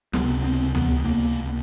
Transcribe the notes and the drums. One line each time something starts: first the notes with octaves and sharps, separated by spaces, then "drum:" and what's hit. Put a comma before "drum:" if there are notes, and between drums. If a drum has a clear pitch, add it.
C#2 C3 B3, drum: snare
C4
B3, drum: tom D2
A#3